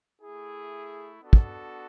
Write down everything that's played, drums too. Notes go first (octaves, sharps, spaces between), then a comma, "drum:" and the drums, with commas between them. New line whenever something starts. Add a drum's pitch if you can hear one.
A3 E4 G#4
B3 D4 F#4 A4
drum: kick